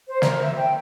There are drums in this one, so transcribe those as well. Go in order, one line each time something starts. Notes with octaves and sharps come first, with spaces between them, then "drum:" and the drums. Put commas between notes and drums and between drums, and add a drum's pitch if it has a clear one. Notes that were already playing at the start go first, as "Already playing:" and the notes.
C5
A#4, drum: snare
E5
G5